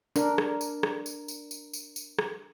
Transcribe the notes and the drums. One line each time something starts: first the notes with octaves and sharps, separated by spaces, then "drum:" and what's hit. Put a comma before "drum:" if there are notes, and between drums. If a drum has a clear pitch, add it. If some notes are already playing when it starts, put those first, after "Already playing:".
D4 A#4, drum: tambourine
drum: rim click
drum: tambourine
drum: rim click
drum: tambourine
drum: tambourine
drum: tambourine
drum: tambourine
drum: tambourine
drum: rim click